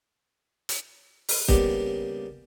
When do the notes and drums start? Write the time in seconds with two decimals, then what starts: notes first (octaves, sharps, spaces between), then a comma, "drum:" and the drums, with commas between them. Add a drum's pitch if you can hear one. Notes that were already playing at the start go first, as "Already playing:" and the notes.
0.69 drum: hi-hat
1.29 drum: open hi-hat
1.48 C#3 G3 A#3 B3 D4 G4, drum: kick